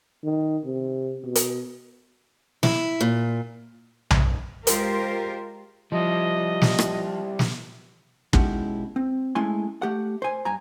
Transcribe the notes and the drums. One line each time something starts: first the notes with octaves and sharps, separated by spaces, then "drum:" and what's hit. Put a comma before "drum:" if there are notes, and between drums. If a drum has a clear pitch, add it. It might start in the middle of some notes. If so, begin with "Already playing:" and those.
D#3
C3
B2
drum: hi-hat
E4, drum: snare
A#2
drum: tom B1
G#3 F4 G4 A#4 C5, drum: hi-hat
F3 G3 E4 D#5
drum: snare
drum: rim click
drum: snare
B2 G#3 C#4 D#4 E4 G4, drum: kick
C4
G#3 A3 C#4 E4 G#5 C6
A3 G4 F#5
C5 G#5
G2 G#5 A#5